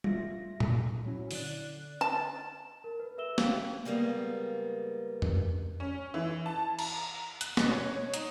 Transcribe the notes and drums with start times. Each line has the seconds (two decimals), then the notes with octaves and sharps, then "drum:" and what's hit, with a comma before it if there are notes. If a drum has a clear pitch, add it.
0.04 F4 E5 A#6, drum: tom G3
0.60 drum: tom A#2
1.05 F#3 C#4 E4
1.31 D3 D5 F#6, drum: open hi-hat
2.01 A5
2.18 A6
2.84 A#4
3.00 B4
3.17 A4 B4 E5 E6 E7 G7
3.38 F5 G5, drum: snare
3.85 C#3 G3 G#3 A#3 B3
5.22 drum: tom F2
5.80 C#4
6.14 E3
6.46 A5
6.79 A#5, drum: cymbal
7.41 F#6, drum: hi-hat
7.57 B2, drum: snare
7.69 C#5
8.14 D#4, drum: hi-hat